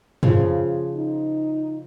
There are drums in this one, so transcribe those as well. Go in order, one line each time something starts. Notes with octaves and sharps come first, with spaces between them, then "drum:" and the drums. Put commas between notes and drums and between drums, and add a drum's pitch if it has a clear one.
C#3 F3, drum: tom
D#4